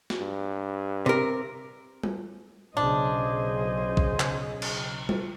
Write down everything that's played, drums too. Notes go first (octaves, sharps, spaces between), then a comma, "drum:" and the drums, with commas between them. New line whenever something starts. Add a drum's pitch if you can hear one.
drum: snare
G2
C3 A#4
drum: tom G3
B1 C#3 D4 G#4 C5 D#5
drum: kick A#1
drum: clap
drum: cymbal
drum: tom G3